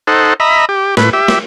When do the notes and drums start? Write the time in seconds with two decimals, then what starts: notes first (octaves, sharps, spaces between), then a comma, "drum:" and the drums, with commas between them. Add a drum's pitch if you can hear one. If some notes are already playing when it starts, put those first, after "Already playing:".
0.07 D#4 A4 C5 F#5
0.40 D#5 E5 A#5 B5
0.69 G4
0.97 A2 B4, drum: snare
1.13 G4 E5
1.28 drum: snare